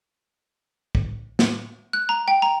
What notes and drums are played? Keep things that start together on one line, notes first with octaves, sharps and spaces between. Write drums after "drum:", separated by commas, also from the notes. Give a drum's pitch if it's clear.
drum: kick
drum: snare
F#6
A#5
G5
A#5